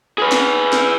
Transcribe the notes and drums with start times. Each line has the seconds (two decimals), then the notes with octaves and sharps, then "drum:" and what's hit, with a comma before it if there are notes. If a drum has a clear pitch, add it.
0.18 G#4 B4
0.32 drum: snare
0.73 drum: snare